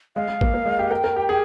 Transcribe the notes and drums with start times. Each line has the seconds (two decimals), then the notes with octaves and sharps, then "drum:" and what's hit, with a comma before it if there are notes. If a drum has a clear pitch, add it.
0.16 G#3 F5
0.28 G#3
0.41 A#3, drum: kick
0.54 A#3
0.66 G#3
0.79 G4
0.91 A#4 G5
1.04 A#4
1.16 G4
1.29 G#4